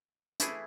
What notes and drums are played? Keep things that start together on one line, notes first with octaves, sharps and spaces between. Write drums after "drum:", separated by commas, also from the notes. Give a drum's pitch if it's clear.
E3 A3 E4 G#4, drum: hi-hat